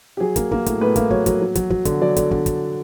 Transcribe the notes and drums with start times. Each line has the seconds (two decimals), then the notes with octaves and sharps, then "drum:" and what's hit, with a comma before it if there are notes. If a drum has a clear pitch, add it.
0.17 G4
0.20 F#3 G#4
0.36 A#3, drum: kick, hi-hat
0.51 A#3, drum: kick
0.66 A2, drum: kick, hi-hat
0.81 A2 B4
0.96 A#3, drum: kick, hi-hat
1.10 F#3 C#5, drum: kick
1.26 F#3, drum: kick, hi-hat
1.41 F#3
1.55 F#3, drum: kick, hi-hat
1.70 F#3, drum: kick
1.85 D3, drum: kick, hi-hat
2.02 F#3 D5
2.17 D3, drum: kick, hi-hat
2.31 D3, drum: kick
2.46 drum: kick, hi-hat